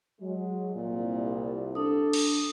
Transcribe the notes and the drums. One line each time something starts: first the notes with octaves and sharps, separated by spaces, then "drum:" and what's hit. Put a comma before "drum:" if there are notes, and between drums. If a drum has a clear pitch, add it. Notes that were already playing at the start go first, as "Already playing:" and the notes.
F#3 G#3
C2 A#2
D4 A4 D#6
drum: cymbal